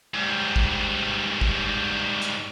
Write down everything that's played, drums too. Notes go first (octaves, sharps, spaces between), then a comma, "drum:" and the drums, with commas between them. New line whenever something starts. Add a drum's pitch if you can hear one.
G#2 G3
drum: kick
drum: kick
drum: hi-hat